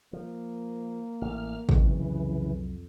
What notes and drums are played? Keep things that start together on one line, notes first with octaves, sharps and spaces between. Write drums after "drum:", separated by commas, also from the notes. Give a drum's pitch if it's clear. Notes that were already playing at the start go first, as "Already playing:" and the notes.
F3 A#3
A1 F6
C2 F2 C#3 E3 F#3, drum: kick